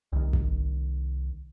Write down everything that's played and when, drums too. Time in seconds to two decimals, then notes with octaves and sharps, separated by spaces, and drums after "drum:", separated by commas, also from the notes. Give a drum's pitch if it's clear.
0.13 C2 D#3
0.33 drum: kick G#1